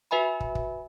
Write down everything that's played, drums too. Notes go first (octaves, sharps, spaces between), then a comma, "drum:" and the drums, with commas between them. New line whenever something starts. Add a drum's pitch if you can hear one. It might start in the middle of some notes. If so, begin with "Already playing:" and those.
F#4 B4 E5 G#5 B5
drum: kick
drum: kick